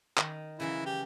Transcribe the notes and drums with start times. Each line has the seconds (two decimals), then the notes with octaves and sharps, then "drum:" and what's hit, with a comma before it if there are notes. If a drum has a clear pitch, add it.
0.17 D#3, drum: clap
0.60 C#3 E3 F#3 E4
0.86 G4